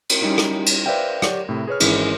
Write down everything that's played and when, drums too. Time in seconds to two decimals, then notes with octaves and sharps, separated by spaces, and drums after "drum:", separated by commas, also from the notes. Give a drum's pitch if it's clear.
0.09 drum: cymbal
0.21 G3 C#4 D#4 E4 F#4
0.38 drum: rim click
0.66 drum: cymbal
0.86 B4 C5 D5 E5 F5 G5
1.22 G4 C#5 D5 F#5, drum: rim click
1.49 A2 C3 E4
1.67 G#4 B4 C#5 F6
1.80 G#1 G#2 E3 G#3 C#4 E4, drum: cymbal